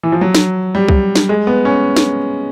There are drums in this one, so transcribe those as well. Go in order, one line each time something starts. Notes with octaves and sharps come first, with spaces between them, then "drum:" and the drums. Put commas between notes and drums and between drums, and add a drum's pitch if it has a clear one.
E3
F3
F#3
drum: snare
G3
drum: kick C2
drum: snare
G#3
B3
C#4
drum: snare